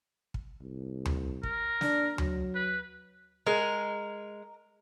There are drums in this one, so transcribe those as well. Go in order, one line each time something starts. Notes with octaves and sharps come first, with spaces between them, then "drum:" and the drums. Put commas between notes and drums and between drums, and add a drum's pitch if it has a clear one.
drum: kick
C2
drum: tom D2
A#4, drum: kick
D4, drum: snare
F#3, drum: tom D2
B4
G#3 A#4